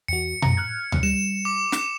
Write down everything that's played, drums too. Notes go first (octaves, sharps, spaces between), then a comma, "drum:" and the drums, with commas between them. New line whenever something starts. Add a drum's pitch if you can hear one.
E2 F#4 C#7
F#2 A#5, drum: tom A#2
F6 F#6 G#6
drum: tom D2
G3 E7
D6
drum: snare